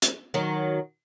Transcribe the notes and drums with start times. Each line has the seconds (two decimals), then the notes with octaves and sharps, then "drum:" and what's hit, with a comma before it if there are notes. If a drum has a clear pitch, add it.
0.02 drum: hi-hat
0.34 D#3 F#3